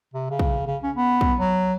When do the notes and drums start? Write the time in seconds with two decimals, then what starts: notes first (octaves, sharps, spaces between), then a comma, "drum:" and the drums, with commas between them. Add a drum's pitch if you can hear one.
0.13 C3
0.30 C#3
0.39 drum: kick
0.67 C#3
0.83 C#4
0.96 B3
1.21 drum: kick
1.39 F#3